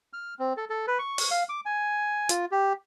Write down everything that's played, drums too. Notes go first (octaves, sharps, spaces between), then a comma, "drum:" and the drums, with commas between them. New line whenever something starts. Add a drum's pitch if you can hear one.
F6
C4
A4
A4
B4
C#6
drum: open hi-hat
F5
D6
G#5
F4, drum: hi-hat
G4